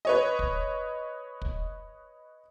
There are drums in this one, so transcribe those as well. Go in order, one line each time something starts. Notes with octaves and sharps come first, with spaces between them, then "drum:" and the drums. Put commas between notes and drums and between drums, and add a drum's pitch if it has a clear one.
B4 C#5 D#5
drum: kick
drum: kick